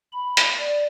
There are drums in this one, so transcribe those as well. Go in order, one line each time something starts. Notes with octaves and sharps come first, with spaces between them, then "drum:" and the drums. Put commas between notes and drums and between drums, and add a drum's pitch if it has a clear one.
B5
drum: hi-hat
D5